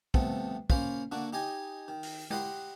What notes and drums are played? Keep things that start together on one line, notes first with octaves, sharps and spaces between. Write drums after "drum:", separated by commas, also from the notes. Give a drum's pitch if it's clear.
C2 F3 A3 B3 C4, drum: kick
A#3 C#4 F4 C5 F5 B5, drum: kick
D3 A#3 D4 F#4
D#4 G4 D#5 G#5
D#3
drum: open hi-hat
G4 D#5 F#5 B5 C6, drum: tom G#3